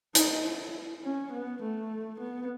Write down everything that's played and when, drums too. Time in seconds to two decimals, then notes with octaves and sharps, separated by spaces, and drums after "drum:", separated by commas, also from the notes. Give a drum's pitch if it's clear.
0.15 D#4, drum: hi-hat
0.45 E4
1.03 C#4
1.32 B3
1.62 A3
2.20 B3